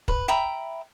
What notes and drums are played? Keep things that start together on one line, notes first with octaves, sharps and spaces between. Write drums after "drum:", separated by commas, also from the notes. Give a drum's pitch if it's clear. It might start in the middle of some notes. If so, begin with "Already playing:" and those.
B4, drum: kick
E5 G5 A#5 B5